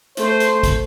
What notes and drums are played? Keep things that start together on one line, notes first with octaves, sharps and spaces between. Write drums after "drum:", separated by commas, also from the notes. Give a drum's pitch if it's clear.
A3 C5, drum: hi-hat
drum: hi-hat
drum: kick, hi-hat